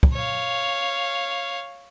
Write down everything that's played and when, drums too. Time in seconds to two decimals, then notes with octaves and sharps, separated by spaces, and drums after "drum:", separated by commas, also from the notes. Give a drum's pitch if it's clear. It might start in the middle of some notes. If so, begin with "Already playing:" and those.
0.03 drum: kick
0.12 C#5 F5